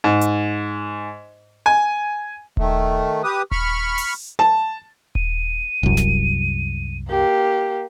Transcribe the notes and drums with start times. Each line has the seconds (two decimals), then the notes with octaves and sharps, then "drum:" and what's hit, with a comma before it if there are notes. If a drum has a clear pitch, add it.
0.04 G#2
0.21 drum: hi-hat
1.66 G#5
2.57 D#3 A3, drum: kick D#1
3.24 G4 B4 D#6
3.51 B5 C#6 F6, drum: kick D#1
3.98 drum: open hi-hat
4.39 A5
5.15 D#7, drum: kick D#1
5.83 C2 F#2, drum: kick D#1
5.97 drum: snare
7.10 A#3 G4